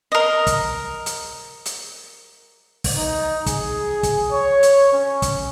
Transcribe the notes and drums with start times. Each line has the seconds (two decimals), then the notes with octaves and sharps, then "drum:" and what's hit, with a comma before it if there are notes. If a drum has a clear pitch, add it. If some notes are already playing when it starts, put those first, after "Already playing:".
0.12 A#4 D#5
0.47 drum: kick, hi-hat
1.06 drum: hi-hat
1.65 drum: hi-hat
2.84 drum: kick, open hi-hat
2.97 D#4
3.46 G#4, drum: kick, hi-hat
4.03 drum: kick, hi-hat
4.32 C#5
4.63 drum: hi-hat
4.92 C#4
5.22 drum: kick, hi-hat